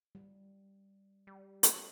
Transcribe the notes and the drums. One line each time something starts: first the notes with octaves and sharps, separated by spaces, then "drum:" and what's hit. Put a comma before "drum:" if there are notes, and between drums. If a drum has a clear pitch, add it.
G3
G3
D#5, drum: hi-hat